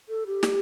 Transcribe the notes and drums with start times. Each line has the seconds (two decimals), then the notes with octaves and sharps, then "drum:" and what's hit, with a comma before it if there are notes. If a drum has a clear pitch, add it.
0.09 A4
0.27 G4
0.43 drum: snare